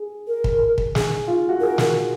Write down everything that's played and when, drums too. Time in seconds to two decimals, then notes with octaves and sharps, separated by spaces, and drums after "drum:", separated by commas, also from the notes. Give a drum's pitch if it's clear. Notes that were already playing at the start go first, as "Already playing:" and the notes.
Already playing: G#4
0.28 A#4
0.44 drum: kick
0.78 drum: kick
0.95 G#4, drum: snare
1.27 F4
1.49 F#4
1.61 G#4 A#4
1.78 drum: snare